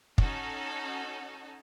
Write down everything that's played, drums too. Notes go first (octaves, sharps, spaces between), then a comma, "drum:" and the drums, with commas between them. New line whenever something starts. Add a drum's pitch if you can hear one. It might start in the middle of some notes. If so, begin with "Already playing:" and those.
C#4 D#4 F#4 A4, drum: kick